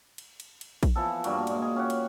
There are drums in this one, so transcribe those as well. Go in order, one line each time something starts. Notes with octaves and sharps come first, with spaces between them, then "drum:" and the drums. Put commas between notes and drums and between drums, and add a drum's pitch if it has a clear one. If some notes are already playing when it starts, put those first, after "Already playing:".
drum: cymbal
drum: cymbal
drum: cymbal
drum: kick A#1, cymbal
E3 F3 B3 A4
G2 G3 A#3 F#4, drum: cymbal
A#2 G#3, drum: cymbal
G#4
C#4 G4 F#5
drum: cymbal